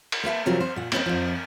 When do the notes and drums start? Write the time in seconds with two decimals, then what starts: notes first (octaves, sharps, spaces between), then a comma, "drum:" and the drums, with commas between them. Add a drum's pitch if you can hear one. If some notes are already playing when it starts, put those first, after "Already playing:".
0.12 drum: cymbal
0.23 A#3 B4 E5 A5
0.46 C3 F3 F#3 C4 F4 A#4
0.60 C5
0.76 A#2 F#5
0.92 A#3 C4 C#4 A#4 B4 D#5, drum: cymbal
1.06 F2 F3